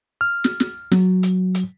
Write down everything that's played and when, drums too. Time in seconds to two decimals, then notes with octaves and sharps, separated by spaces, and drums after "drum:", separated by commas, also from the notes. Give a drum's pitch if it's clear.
0.21 F6
0.44 drum: snare
0.60 drum: snare
0.92 F#3, drum: snare
1.23 drum: hi-hat
1.55 drum: hi-hat